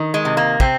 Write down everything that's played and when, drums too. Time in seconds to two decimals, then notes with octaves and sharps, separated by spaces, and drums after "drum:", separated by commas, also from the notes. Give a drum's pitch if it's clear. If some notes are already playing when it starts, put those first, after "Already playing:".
Already playing: D#3
0.14 G#3
0.25 C3
0.37 A#3
0.60 C3 C4, drum: kick